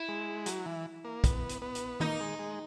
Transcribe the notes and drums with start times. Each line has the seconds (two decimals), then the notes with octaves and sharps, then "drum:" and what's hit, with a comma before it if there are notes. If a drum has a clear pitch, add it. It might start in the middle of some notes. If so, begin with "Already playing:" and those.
Already playing: E4
0.09 G#3
0.46 F#3, drum: hi-hat
0.66 E3
1.05 A#3
1.24 B3, drum: kick, hi-hat
1.49 drum: hi-hat
1.62 B3
1.75 drum: hi-hat
2.00 A#3 D#4, drum: tom D#3
2.20 G#3
2.39 G#3